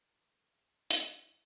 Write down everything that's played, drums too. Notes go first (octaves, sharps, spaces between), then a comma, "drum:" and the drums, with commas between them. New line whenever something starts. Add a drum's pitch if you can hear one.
E3 G#4 A#4 B4 C6
G#4 C5 E5 F5
G#4
E4, drum: hi-hat
F4 C6